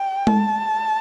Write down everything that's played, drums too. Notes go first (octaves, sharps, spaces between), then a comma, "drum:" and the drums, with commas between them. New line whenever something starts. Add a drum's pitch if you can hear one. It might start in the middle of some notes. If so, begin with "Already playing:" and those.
Already playing: G5
A5, drum: tom G#3